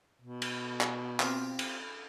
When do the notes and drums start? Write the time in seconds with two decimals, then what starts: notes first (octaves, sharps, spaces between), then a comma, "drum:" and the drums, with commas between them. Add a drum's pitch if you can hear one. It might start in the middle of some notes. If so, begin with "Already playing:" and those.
0.22 B2
0.42 drum: cymbal
0.81 drum: clap
1.20 C4 F4 G4, drum: clap
1.59 drum: cymbal